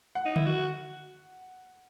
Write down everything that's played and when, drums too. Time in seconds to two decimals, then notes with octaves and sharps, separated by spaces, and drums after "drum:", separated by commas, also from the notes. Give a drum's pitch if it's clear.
0.15 F#5
0.25 D#4
0.36 E4, drum: tom D3
0.46 F#4